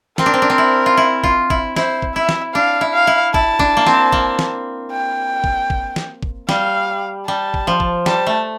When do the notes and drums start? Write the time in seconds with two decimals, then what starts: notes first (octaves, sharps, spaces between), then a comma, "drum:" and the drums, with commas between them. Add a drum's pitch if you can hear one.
0.18 C4 A#4, drum: snare
0.26 D4
0.34 C4
0.42 D4
0.50 C4
0.58 E4
0.86 F4
0.97 E4
1.24 F4, drum: kick
1.50 E4, drum: kick
1.76 E4 C5, drum: snare
2.02 drum: kick
2.15 E4 E5
2.29 drum: snare
2.54 D4 F5
2.81 E4
2.94 F5
3.07 E4
3.34 E4 A5, drum: kick
3.59 D4, drum: kick
3.77 A#3
3.87 C4, drum: snare
4.12 A#3, drum: kick
4.39 drum: snare
4.91 G5
5.44 drum: kick
5.70 drum: kick
5.96 drum: snare
6.23 drum: kick
6.49 G3 F5, drum: snare
7.27 G3 A5
7.54 drum: kick
7.67 F3
7.80 drum: kick
8.06 G3 A5, drum: snare
8.26 A3